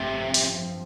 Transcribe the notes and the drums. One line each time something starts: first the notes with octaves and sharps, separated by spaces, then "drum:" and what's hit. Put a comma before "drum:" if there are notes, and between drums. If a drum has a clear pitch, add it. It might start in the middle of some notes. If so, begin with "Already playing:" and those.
Already playing: A1 G2 C3 F3 A3 C4
G2 F3 C4, drum: open hi-hat